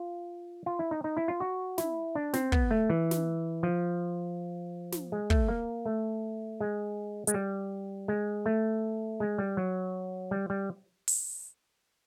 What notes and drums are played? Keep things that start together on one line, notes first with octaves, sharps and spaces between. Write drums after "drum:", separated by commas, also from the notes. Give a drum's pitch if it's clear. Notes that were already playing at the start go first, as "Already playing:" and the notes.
Already playing: F4
F4
E4
D#4
D#4
E4
F4
F#4
E4, drum: snare
D4
C4, drum: snare
B3, drum: kick
A3
E3
drum: snare
F3
drum: snare
G#3
A3, drum: kick
A#3
A3
G#3
G#3, drum: hi-hat
G3
G#3
A3
G#3
G3
F#3
G3
G3
drum: open hi-hat